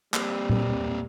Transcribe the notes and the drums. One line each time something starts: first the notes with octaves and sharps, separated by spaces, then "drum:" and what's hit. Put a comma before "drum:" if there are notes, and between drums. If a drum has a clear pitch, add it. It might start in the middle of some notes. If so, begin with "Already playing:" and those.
G3 A#3 C4, drum: clap
drum: tom A#2